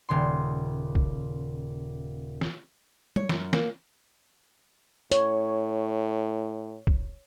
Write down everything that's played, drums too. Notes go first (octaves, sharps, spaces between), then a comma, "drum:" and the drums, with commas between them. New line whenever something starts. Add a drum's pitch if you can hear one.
D#1 C#3 C6
drum: kick
drum: snare
C#5, drum: tom
F#2, drum: snare
A#3, drum: snare
A2 C#5, drum: hi-hat
drum: kick